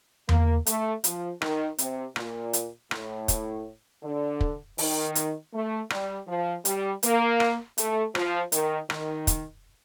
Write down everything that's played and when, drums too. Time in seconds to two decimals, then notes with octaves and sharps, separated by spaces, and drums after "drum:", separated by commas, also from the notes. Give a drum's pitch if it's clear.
0.29 A#3, drum: tom E2
0.66 A3, drum: hi-hat
1.04 F3, drum: hi-hat
1.42 D#3, drum: rim click
1.78 C3, drum: hi-hat
2.16 A#2, drum: rim click
2.53 drum: hi-hat
2.91 A2, drum: rim click
3.28 drum: kick, hi-hat
4.03 D3
4.41 drum: kick
4.78 D#3, drum: open hi-hat
5.15 drum: hi-hat
5.53 A3
5.90 G3, drum: rim click
6.27 F3
6.65 G3, drum: hi-hat
7.03 A#3, drum: hi-hat
7.40 drum: rim click
7.78 A3, drum: hi-hat
8.15 F3, drum: rim click
8.52 D#3, drum: hi-hat
8.90 D#3, drum: rim click
9.27 drum: kick, hi-hat